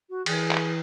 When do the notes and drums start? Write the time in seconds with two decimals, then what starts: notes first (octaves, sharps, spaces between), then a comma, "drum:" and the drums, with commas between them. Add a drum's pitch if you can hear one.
0.09 F#4
0.26 E3 G#4, drum: cymbal
0.51 drum: clap